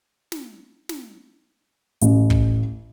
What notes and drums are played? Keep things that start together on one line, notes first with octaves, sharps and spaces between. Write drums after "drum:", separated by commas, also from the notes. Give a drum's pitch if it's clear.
drum: snare
drum: snare
A1, drum: hi-hat
drum: kick